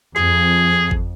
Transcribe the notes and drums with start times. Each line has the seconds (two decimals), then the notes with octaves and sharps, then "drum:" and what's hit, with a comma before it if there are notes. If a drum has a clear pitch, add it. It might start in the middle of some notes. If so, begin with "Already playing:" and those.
0.16 F2 G#4, drum: snare
0.91 drum: kick G1